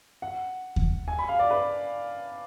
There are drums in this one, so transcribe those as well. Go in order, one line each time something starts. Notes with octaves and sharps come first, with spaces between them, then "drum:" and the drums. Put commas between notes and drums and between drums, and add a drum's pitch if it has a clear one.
F#5
drum: kick D#2
G#5
B5
F5
D5
B4